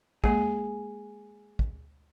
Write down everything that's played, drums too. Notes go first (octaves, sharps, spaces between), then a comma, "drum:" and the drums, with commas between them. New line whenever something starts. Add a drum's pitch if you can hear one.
G#3 A#3 G#4, drum: kick
drum: kick